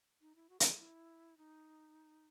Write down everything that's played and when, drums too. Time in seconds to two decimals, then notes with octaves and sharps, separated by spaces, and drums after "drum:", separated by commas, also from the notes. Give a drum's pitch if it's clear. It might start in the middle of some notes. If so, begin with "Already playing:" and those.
0.21 D#4
0.36 E4
0.49 F#4
0.60 A4, drum: hi-hat
0.69 G#4
0.79 E4
1.38 D#4